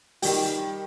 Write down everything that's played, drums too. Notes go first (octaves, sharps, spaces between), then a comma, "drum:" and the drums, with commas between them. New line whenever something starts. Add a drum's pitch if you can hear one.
D#3 G3 G5, drum: open hi-hat